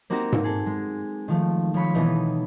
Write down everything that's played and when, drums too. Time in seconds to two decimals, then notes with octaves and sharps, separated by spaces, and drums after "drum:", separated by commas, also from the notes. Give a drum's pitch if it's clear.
0.10 A#3 C4 D#4 F#4 G4 A#4
0.32 drum: tom G#2
0.44 G#4 A4
0.66 G#3
1.28 D#3 F3 A3
1.74 F3 C#5 B5 C#6
1.95 B2 E3 B3 D#4